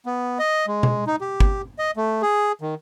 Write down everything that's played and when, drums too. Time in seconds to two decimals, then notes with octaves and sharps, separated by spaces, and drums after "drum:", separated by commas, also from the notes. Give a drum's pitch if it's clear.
0.06 B3
0.39 D#5
0.67 G#3
0.83 drum: tom B2
1.07 D#4
1.21 G4
1.40 drum: kick
1.79 D#5
1.97 A3
2.22 G#4
2.61 D#3